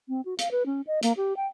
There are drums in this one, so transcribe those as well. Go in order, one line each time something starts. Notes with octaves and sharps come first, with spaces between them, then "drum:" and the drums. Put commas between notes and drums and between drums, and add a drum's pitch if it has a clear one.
C4
F#4
F5, drum: hi-hat
B4
C#4
D#5
A#3, drum: hi-hat
G4
G5